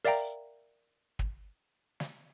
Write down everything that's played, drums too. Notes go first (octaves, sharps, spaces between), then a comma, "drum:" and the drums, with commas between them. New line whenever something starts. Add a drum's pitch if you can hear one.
A#4 D5 E5 F5 G5 A#5, drum: open hi-hat
drum: kick
drum: snare